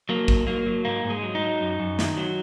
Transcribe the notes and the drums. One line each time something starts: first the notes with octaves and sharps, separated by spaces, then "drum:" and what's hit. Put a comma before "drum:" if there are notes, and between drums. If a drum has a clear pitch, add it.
F#3 A#3
G#2, drum: kick A1
F#3 A#3
F#3
G#2 A#3
G#2
G#3
F#3
D#4
F#3
F#2
F#2
D#3, drum: snare
F#3